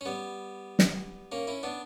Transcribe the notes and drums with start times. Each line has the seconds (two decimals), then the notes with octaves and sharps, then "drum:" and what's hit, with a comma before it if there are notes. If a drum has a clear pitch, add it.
0.01 C#4
0.06 G3 B3
0.79 drum: snare
1.32 A#3 C#4
1.47 C#4 E4
1.63 B3 D4